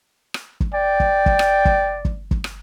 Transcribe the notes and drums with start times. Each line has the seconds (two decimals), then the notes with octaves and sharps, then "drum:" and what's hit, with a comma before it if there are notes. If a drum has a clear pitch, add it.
0.34 drum: rim click
0.60 drum: kick
0.74 D5 G5
1.00 drum: kick
1.26 drum: kick
1.39 drum: rim click
1.65 drum: kick
2.05 drum: kick
2.31 drum: kick
2.44 drum: rim click